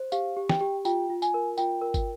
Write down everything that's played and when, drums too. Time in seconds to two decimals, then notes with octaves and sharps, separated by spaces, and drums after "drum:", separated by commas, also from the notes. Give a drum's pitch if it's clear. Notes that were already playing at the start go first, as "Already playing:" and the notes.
Already playing: C5
0.12 G4 F5, drum: tambourine
0.37 G4
0.49 G5, drum: snare
0.61 G4
0.85 F4 G5, drum: tambourine
1.09 F4
1.22 G#5, drum: tambourine
1.34 A#4
1.58 F4 G5, drum: tambourine
1.81 A#4
1.94 drum: kick, tambourine